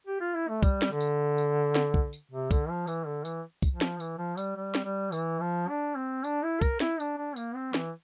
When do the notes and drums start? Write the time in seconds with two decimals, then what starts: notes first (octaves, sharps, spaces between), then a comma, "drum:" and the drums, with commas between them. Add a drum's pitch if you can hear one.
0.07 G4
0.21 F4
0.35 E4
0.49 A3
0.63 G3, drum: kick, tambourine
0.82 drum: snare
0.91 D3
1.01 drum: tambourine
1.38 drum: tambourine
1.75 drum: snare
1.94 drum: kick
2.13 drum: tambourine
2.32 C3
2.51 D3, drum: kick, tambourine
2.69 F3
2.87 E3, drum: tambourine
3.06 D3
3.25 E3, drum: tambourine
3.62 drum: kick, tambourine
3.72 F3
3.81 drum: snare
4.00 E3, drum: tambourine
4.18 F3
4.38 G3, drum: tambourine
4.56 G3
4.75 drum: snare
4.85 G3
5.12 E3, drum: tambourine
5.41 F3
5.69 D4
5.96 C4
6.24 D4, drum: tambourine
6.43 E4
6.61 A#4, drum: kick, tambourine
6.80 E4, drum: snare
7.00 D4, drum: tambourine
7.18 D4
7.36 A#3, drum: tambourine
7.55 C4
7.74 E3, drum: snare